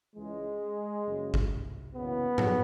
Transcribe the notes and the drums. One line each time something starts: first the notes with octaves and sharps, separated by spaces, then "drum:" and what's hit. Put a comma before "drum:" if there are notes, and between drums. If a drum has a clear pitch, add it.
C#2 C#3 E3 G#3
F#1 F#2 C#3
drum: kick G1
F#1 F#2 C#3 E3 B3
drum: tom G#2